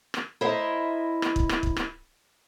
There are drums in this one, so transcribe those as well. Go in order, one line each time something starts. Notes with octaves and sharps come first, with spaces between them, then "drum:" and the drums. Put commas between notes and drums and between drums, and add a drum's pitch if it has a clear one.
drum: rim click
E4 A#4 C5 D#5 E5
drum: rim click
drum: kick
drum: rim click
drum: kick
drum: rim click